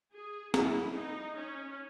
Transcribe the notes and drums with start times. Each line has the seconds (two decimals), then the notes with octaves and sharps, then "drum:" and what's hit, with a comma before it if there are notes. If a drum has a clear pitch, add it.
0.13 G#4
0.54 E4, drum: snare
0.94 D#4
1.37 C#4